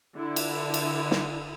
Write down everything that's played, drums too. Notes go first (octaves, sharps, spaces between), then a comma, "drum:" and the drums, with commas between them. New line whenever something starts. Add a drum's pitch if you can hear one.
D3 E4
drum: cymbal
drum: cymbal
drum: snare